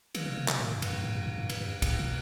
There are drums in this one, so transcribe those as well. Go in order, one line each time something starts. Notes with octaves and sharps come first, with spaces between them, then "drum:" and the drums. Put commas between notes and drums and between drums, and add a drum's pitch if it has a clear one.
D#3, drum: cymbal
C3
C3
B2, drum: clap
A2
G2
F#2, drum: cymbal
G2
A2
F#2
G2
G2
F#2, drum: cymbal
F#2
A2, drum: kick, cymbal
B2